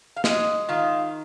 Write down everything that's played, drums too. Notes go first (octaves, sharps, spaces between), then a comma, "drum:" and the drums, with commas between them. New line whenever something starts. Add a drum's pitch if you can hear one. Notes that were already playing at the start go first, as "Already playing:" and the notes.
F5
G#3 D#5, drum: snare
D#3 F4